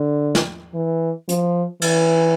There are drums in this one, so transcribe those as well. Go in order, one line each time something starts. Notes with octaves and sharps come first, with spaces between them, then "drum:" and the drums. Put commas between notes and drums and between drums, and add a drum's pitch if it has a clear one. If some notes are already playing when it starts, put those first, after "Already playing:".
Already playing: D3
drum: snare
E3
F3, drum: hi-hat
E3, drum: cymbal